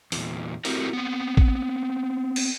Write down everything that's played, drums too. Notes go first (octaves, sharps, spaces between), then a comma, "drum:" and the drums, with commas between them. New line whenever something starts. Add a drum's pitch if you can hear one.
E2 A#2, drum: open hi-hat
A3 C4 E4 F#4 G4 A#4, drum: open hi-hat
B3 C4
drum: kick A1
drum: cymbal